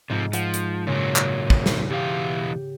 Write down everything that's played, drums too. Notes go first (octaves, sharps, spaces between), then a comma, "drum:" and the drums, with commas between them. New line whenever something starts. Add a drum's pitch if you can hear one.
G#2 C3 F3
F3 F#5, drum: hi-hat
drum: hi-hat
A#2 C#3 F#3
drum: clap
drum: kick
drum: snare
B2 E3 G4 F5